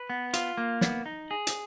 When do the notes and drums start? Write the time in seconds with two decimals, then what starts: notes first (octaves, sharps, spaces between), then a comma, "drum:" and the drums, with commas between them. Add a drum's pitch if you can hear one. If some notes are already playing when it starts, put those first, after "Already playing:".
Already playing: B4
0.10 B3
0.33 F4, drum: hi-hat
0.57 A#3
0.81 B3, drum: snare
1.06 D#4
1.31 G#4
1.47 drum: hi-hat